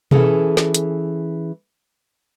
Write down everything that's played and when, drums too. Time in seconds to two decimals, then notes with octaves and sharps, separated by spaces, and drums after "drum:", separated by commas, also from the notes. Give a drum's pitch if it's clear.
0.11 E3 C#4 G#4 A4, drum: tom B2
0.57 drum: snare
0.74 drum: hi-hat